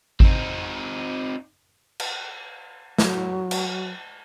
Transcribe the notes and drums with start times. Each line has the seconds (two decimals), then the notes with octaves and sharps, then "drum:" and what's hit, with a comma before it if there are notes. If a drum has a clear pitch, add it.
0.20 C4 D#4, drum: kick G#1
2.00 drum: cymbal
2.98 F#3, drum: snare
3.51 drum: cymbal